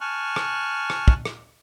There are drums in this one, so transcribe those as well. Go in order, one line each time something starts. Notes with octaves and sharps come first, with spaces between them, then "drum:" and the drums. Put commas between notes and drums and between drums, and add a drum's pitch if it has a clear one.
G#5 A5 C#6 F6 F#6
drum: rim click
drum: rim click
drum: kick
drum: rim click